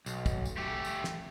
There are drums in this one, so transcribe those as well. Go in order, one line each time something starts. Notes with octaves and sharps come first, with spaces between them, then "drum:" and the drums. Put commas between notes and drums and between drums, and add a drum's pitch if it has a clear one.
B1, drum: tambourine
drum: kick, tambourine
drum: tambourine
A3 G4
drum: tambourine
drum: snare